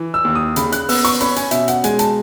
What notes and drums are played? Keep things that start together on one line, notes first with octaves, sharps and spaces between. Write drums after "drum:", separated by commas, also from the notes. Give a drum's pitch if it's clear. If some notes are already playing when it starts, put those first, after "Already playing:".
Already playing: E3
E6
D#2
D#6
C#3 B5, drum: hi-hat
F#6, drum: hi-hat
B3 E6, drum: open hi-hat
C#6, drum: hi-hat
C#4 B5, drum: hi-hat
G#5, drum: hi-hat
B2 E5, drum: hi-hat
F#5, drum: hi-hat
G#3 G#5, drum: hi-hat
A5, drum: hi-hat